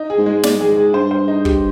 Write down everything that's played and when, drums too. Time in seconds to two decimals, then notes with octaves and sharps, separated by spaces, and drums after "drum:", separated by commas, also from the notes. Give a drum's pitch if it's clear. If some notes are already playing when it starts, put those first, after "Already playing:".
Already playing: D#4
0.10 G#4
0.18 G#2
0.26 G#3
0.43 G#2 D5, drum: snare
0.61 G#4
0.77 G#4
0.94 G2 C5
1.11 C5
1.28 D#4
1.45 G4, drum: kick